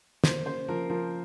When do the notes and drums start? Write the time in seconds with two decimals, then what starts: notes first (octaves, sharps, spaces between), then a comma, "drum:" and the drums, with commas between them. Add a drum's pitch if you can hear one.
0.24 A#3 C5, drum: snare
0.45 C#3 C5
0.68 F3 A#4
0.90 F3 A#4